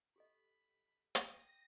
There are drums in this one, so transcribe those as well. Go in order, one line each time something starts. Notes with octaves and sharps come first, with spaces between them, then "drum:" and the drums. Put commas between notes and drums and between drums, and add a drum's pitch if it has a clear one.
G4 A4 D#5 B5
G5 D6 D#6 A#6, drum: hi-hat